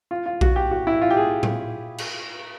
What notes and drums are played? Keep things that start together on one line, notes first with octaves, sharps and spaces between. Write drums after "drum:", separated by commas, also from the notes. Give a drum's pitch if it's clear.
F4
F4
F#4, drum: kick A#1
G4
F#4
E4
F4
G4
G#4
drum: tom A2
drum: cymbal